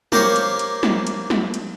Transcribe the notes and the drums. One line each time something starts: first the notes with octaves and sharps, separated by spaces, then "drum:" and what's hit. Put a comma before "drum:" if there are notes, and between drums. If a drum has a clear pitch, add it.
A#3 G4 A#4 C5 C#5, drum: snare
drum: hi-hat
drum: hi-hat
drum: snare
drum: hi-hat
drum: snare
drum: hi-hat